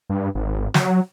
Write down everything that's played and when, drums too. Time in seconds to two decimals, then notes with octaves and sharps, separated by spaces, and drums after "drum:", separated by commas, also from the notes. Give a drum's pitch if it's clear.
0.09 G2
0.35 G#1
0.74 F#3, drum: snare